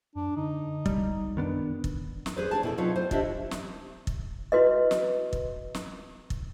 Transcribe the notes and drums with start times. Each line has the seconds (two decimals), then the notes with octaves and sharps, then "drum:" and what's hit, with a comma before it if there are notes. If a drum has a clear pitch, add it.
0.15 F#2 D4
0.36 D3 D#4
0.86 B1 G3, drum: kick
1.37 F#2 D#3 B3 D4
1.84 drum: kick
2.26 drum: snare
2.37 G#4 B4 C5
2.51 D4 G#4 A5
2.63 B2 E4 A4
2.78 F#3 C4 D#4 F4 B4 C#5
2.96 F4 C5
3.11 D4 E4 G4 D#5 E5, drum: kick
3.51 drum: snare
4.07 drum: kick
4.52 E4 F#4 B4 D#5
4.91 drum: snare
5.33 drum: kick
5.74 drum: snare
6.30 drum: kick